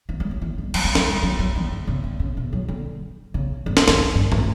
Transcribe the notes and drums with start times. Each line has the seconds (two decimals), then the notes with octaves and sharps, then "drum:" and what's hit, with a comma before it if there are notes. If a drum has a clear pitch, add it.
0.09 E3
0.20 G3
0.31 F#3
0.41 E3
0.58 G3
0.74 F#3, drum: cymbal
0.84 G3
0.95 F#3, drum: snare
1.07 G3
1.23 F#3
1.39 F#3
1.56 E3
1.72 D3
1.87 C#3
2.04 D3
2.20 C#3
2.37 B2
2.53 F#3
2.68 D3
3.34 C#3
3.66 F#2
3.77 E2, drum: snare
3.88 E2, drum: snare
3.99 F#2
4.15 G2
4.32 A2, drum: tom